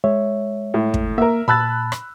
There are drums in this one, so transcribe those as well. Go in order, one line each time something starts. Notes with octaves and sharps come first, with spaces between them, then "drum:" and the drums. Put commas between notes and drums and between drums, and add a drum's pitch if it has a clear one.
G#3 C#5 E5
A2
drum: kick
A#3 A#4 E5
A#2 A5 B5 E6 F#6 A6
drum: rim click